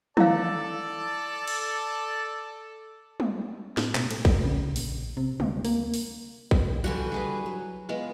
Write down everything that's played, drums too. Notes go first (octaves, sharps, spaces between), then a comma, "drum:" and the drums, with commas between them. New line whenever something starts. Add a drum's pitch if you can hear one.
E4 A4 D5 F5 A5, drum: tom
drum: cymbal
drum: tom
A2, drum: snare
B2, drum: clap
A3, drum: cymbal
E1, drum: kick
C#3
A#1, drum: open hi-hat
C3
D2, drum: tom
A#3, drum: open hi-hat
drum: open hi-hat
drum: kick
D3 E3 G3 F#4 G#5
F#4 G#4 B4
F#3
G#3 B3 F4